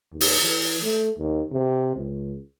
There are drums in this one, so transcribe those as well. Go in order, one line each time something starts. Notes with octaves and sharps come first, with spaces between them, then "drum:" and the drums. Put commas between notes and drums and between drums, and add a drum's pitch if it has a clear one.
D#2
drum: open hi-hat
E3
A3
D#2
C3
C#2